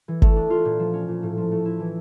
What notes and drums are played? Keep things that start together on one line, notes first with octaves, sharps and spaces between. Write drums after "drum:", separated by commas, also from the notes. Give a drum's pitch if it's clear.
E3
A3, drum: kick G1
D4
F4
A#2
F3
C#4
A#2
A2
F3
A3
E4
E3